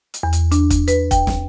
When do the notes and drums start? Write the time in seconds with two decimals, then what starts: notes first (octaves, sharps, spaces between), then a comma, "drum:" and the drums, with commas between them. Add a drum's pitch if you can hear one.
0.14 drum: hi-hat
0.23 E2
0.33 drum: hi-hat
0.52 D4, drum: hi-hat
0.70 drum: kick, hi-hat
0.88 B4, drum: hi-hat
1.11 G5, drum: kick, hi-hat
1.27 drum: snare